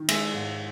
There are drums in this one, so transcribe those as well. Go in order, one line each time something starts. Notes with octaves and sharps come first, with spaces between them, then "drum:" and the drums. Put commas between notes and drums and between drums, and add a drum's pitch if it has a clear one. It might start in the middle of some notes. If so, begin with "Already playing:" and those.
Already playing: D#3
G#3 E5, drum: cymbal
G#2